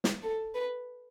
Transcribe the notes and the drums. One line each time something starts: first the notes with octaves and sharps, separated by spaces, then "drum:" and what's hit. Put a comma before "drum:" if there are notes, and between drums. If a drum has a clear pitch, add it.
drum: snare
A4
B4